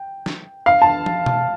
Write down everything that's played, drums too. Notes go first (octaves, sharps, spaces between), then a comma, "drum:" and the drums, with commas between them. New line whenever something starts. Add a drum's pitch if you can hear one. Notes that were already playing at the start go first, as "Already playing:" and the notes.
Already playing: G5
drum: snare
F5
A5
drum: tom
drum: tom B2